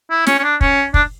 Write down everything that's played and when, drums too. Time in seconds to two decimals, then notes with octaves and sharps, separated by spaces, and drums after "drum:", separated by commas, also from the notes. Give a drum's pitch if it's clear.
0.10 E4
0.27 C#4, drum: snare
0.38 C#4
0.43 D4
0.61 C#4, drum: kick
0.94 D4, drum: kick